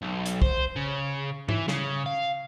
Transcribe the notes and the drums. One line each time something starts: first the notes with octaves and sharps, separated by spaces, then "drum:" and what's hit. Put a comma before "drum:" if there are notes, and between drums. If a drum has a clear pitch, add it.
B1
drum: hi-hat
C5, drum: kick
C#3
E3, drum: tom
C#3, drum: snare
F5